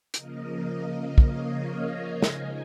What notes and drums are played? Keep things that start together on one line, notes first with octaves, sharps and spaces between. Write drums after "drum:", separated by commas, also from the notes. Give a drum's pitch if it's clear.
C#3 F3 A#3 A#4 D#5, drum: hi-hat
C#5 F5, drum: kick
F5 A#5
C#3 F3 G#3 D#4 D#5 G#5, drum: snare